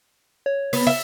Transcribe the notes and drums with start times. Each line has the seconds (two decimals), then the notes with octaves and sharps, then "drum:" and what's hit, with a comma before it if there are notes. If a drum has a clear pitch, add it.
0.46 C#5
0.73 B3, drum: open hi-hat
0.87 E5